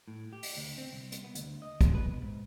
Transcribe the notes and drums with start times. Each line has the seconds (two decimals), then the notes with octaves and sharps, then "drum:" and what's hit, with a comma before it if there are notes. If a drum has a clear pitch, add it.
0.08 A2
0.33 G4
0.43 drum: open hi-hat
0.57 D2
0.78 C4
0.93 C2
1.12 drum: hi-hat
1.24 B3
1.35 D2, drum: hi-hat
1.62 D#5
1.81 G#3, drum: kick, hi-hat
1.95 B4
2.08 B2
2.22 G#2